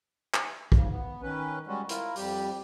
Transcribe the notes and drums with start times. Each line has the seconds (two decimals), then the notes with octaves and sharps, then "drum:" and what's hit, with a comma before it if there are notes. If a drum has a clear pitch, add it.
0.34 drum: clap
0.72 G#2 C#3, drum: kick
0.91 B3
1.22 D#3 C#4 B4
1.67 G3 G#3 C#4 F#4
1.89 E4 F4 A#4, drum: hi-hat
2.16 F2 G3 G4, drum: open hi-hat